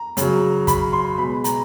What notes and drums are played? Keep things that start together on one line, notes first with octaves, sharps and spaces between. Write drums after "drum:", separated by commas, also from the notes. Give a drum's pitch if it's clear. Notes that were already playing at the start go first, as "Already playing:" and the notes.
Already playing: A#5
C#3 F#3, drum: hi-hat
B5, drum: kick, hi-hat
C6
B2 G#3 B5
A#5, drum: hi-hat